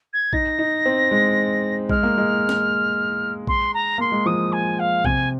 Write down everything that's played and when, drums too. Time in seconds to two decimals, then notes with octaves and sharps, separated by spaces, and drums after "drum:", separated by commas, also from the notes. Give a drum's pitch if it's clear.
0.13 G#6
0.33 D#4 A#6, drum: kick A#1
0.59 D#4
0.86 C4
1.11 G#3
1.89 G#3 F6, drum: kick A#1
2.03 A#3
2.18 G#3
2.49 drum: snare
3.47 C6, drum: kick A#1
3.73 A#5
3.98 A#3 C6
4.12 G#3
4.26 F3 D#6
4.52 G#5
4.79 F5
5.05 C3 G#5, drum: kick A#1